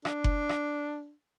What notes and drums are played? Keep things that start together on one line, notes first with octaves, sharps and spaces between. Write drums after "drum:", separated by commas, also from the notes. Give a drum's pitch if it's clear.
D4, drum: rim click
drum: kick F#1
drum: rim click